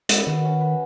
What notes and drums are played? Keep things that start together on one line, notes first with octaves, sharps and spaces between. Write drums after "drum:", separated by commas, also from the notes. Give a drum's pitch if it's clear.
G#3 B3, drum: hi-hat
D#3 F#4
C#4
B4